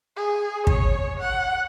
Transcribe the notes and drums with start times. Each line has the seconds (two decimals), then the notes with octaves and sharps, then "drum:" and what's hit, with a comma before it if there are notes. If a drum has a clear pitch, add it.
0.16 G#4
0.67 C#5, drum: kick
1.20 F#5